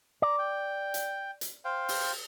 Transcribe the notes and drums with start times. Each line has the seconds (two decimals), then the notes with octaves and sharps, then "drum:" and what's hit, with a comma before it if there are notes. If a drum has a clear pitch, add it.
0.22 D5 A#5
0.39 G5
0.94 drum: hi-hat
1.41 drum: hi-hat
1.65 C5 F5 G5
1.88 drum: open hi-hat